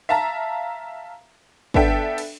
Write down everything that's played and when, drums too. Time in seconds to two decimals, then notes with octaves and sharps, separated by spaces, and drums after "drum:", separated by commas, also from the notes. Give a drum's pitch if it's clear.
0.09 E5 F5 A5 A#5
1.74 B3 D4 A4 E5 G5, drum: kick
2.18 drum: cymbal